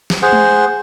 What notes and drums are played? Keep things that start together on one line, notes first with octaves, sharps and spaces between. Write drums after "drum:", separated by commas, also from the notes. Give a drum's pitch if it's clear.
drum: snare
G#4 C5 F#5
drum: tom G#3